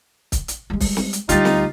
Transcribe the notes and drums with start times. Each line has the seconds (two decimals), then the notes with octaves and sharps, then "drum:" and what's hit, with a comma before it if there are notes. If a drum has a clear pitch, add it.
0.32 drum: kick, hi-hat
0.48 drum: hi-hat
0.70 G3 G#3
0.80 drum: kick, open hi-hat
0.97 drum: snare
1.13 drum: hi-hat
1.29 D2 G3 D#4 F4 G4 A6, drum: hi-hat
1.45 drum: snare